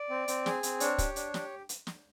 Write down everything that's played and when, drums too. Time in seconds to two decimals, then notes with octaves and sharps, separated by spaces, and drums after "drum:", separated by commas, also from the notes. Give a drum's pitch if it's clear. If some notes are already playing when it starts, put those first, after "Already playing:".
Already playing: D5
0.10 C4
0.28 C4, drum: hi-hat
0.46 G#4, drum: snare
0.63 C4, drum: hi-hat
0.80 D4 C#5, drum: hi-hat
0.98 G4, drum: kick, hi-hat
1.16 D4, drum: hi-hat
1.34 G4, drum: snare
1.69 drum: hi-hat
1.87 drum: snare